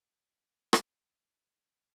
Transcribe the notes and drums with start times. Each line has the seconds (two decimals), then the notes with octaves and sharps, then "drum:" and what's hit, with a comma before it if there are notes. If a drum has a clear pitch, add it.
0.18 G#4
0.73 drum: rim click
1.07 G3